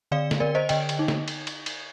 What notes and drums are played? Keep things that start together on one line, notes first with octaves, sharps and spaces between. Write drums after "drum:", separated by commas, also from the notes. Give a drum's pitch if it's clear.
D3 D5 F5
drum: snare
D3 A#4 D5
C5 D#5
D3 D#5 G5, drum: cymbal
drum: cymbal
D#4
drum: snare
drum: cymbal
drum: cymbal
drum: cymbal